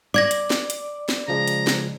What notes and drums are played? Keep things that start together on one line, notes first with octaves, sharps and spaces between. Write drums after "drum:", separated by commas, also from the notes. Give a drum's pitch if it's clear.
D5 D6 G#6 A#6
drum: hi-hat
drum: snare
drum: hi-hat
drum: snare
C#3 F3 G#3 A#5
drum: hi-hat
drum: snare